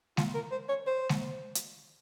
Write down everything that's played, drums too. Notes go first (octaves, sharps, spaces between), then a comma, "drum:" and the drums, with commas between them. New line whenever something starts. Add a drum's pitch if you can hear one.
F4, drum: snare G#3
A#4
C5
C#5
C5
drum: snare G#3
drum: hi-hat